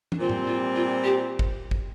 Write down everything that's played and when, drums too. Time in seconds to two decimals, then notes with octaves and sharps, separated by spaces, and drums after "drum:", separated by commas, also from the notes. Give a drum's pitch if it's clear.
0.12 D4, drum: tom
0.18 A#2 G3 C4 F4
0.29 drum: tom G#2
0.46 F4
0.75 F4
1.03 G4
1.39 drum: kick
1.71 drum: kick